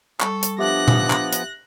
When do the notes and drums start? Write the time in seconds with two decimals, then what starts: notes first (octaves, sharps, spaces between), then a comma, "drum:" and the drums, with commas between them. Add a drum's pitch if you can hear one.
0.20 G3 A4 C#6, drum: clap
0.43 drum: hi-hat
0.58 F3 B3 D4 G4 E5 D6 F#6 A#6
0.88 drum: tom A#2
1.10 drum: clap
1.33 drum: hi-hat